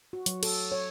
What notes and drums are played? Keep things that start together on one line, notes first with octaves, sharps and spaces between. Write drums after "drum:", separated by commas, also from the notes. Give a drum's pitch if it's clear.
F#4
F#3, drum: hi-hat
A4, drum: cymbal
C#5